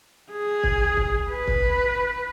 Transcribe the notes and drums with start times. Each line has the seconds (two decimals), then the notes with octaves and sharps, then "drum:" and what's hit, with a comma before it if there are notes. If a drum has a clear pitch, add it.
0.31 G#4
0.63 drum: kick
0.97 drum: kick
1.31 B4
1.48 drum: kick